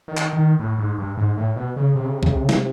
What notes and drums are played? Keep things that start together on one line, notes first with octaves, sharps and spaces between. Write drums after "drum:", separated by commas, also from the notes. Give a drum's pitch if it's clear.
D#3
drum: clap
D#3
A2
G#2
G2
G#2
A2
B2
C#3
C3
C#3
C3
C#3, drum: kick
C3
C#3
C3, drum: snare